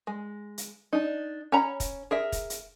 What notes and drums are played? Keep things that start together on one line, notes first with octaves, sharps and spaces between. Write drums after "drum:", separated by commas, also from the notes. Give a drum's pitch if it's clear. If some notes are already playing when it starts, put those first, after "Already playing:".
G#3
drum: hi-hat
D4 D#4
C#4 C#5 A#5 B5
drum: kick, hi-hat
G#4 A#4 E5
drum: kick, hi-hat
drum: hi-hat